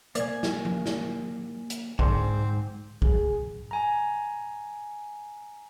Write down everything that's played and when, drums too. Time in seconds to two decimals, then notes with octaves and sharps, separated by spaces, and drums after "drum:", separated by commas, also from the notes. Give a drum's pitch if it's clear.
0.15 A#3 D5 G#5, drum: hi-hat
0.43 drum: snare
0.65 drum: tom F3
0.86 drum: snare
1.70 drum: hi-hat
1.99 G#2 D3 C4 C5, drum: kick
3.02 G#4, drum: kick
3.71 G#5 A#5